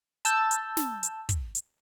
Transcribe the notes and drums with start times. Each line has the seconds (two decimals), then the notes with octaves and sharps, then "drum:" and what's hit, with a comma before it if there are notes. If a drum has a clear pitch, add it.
0.25 A5 E6 G6, drum: hi-hat
0.51 drum: hi-hat
0.77 drum: snare
1.03 drum: hi-hat
1.29 drum: kick, hi-hat
1.55 drum: hi-hat